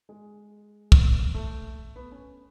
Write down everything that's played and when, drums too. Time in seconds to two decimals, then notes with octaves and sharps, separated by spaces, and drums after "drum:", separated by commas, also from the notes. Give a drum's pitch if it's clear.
0.09 G#3
0.92 drum: kick
1.34 A3
1.96 B3
2.12 C#4